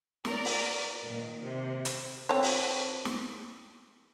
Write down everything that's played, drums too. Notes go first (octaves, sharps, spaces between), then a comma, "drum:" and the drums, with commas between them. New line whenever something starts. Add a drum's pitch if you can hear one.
A#4 D5, drum: snare
drum: open hi-hat
A#2 D#3
C3
drum: hi-hat
C4 A4 C#5
drum: open hi-hat
drum: snare